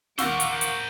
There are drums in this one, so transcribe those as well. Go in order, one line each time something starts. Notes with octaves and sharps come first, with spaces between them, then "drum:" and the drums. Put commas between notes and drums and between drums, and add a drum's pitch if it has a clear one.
D#2 A#4 C5 F5 F#5 C#6 D6 E6, drum: snare
drum: hi-hat
drum: hi-hat